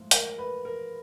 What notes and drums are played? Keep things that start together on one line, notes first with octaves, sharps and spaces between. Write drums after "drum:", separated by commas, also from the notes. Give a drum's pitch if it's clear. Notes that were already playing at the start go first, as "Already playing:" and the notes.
Already playing: G#2 F3 A3
A#4, drum: hi-hat
B4
A#4